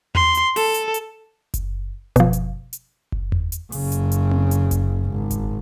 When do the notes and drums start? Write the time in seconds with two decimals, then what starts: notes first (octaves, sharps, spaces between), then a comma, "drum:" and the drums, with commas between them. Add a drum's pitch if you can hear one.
0.15 C6, drum: tom E2
0.35 drum: hi-hat
0.56 A4, drum: open hi-hat
0.74 drum: hi-hat
0.94 drum: hi-hat
1.54 drum: kick F#1, hi-hat
2.16 B2 F3, drum: kick F#1, hi-hat
2.33 drum: hi-hat
2.73 drum: hi-hat
3.12 drum: kick F#1
3.32 drum: tom E2
3.52 drum: hi-hat
3.72 F#1 C#3, drum: open hi-hat
3.92 drum: hi-hat
4.12 drum: hi-hat
4.31 drum: tom C4
4.51 drum: hi-hat
4.71 drum: kick F#1, hi-hat
5.10 G#1
5.31 drum: kick F#1, hi-hat